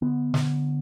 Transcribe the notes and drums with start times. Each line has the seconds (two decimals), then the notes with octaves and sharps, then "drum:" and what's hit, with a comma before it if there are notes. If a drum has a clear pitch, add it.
0.02 D3 B3
0.34 D3, drum: snare